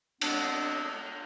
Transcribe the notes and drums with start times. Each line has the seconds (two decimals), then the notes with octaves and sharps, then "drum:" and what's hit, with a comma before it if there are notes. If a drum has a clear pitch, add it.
0.21 F#3 G#3 B3 C4 D4, drum: cymbal